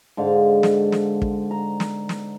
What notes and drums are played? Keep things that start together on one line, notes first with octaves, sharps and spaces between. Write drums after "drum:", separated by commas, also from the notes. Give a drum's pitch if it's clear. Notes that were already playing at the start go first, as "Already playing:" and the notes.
G#2 D3 F5
drum: snare
drum: snare
drum: kick
A#5
drum: snare
drum: snare